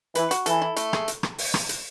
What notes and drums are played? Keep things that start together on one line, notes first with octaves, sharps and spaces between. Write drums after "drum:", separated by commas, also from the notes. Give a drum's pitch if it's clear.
E3 B4, drum: hi-hat
F#4, drum: hi-hat
E3 A4, drum: hi-hat
E4
A3, drum: hi-hat
G#4, drum: rim click
drum: hi-hat
drum: rim click
drum: open hi-hat
drum: rim click
drum: hi-hat